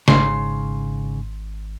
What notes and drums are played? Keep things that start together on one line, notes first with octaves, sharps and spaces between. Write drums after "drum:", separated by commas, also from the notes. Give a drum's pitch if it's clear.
G#1 G#2 C#3 C6, drum: snare